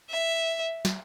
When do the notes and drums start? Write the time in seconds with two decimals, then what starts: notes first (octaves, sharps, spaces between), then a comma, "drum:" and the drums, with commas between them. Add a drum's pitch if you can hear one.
0.10 E5
0.85 drum: snare